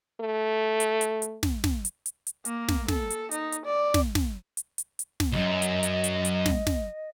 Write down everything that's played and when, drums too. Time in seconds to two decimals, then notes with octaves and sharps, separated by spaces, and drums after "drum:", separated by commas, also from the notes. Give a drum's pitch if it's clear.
0.21 A3
0.80 drum: hi-hat
1.01 drum: hi-hat
1.22 drum: hi-hat
1.43 drum: snare
1.64 drum: snare
1.85 drum: hi-hat
2.06 drum: hi-hat
2.27 drum: hi-hat
2.45 A#3, drum: hi-hat
2.69 drum: snare
2.88 A4, drum: snare
3.10 drum: hi-hat
3.31 D#4, drum: hi-hat
3.52 drum: hi-hat
3.65 D5
3.94 drum: snare
4.15 drum: snare
4.57 drum: hi-hat
4.78 drum: hi-hat
4.99 drum: hi-hat
5.20 drum: snare
5.32 C#2 F#2 D#5
5.62 drum: hi-hat
5.83 drum: hi-hat
6.04 drum: hi-hat
6.25 drum: hi-hat
6.46 drum: snare
6.67 drum: snare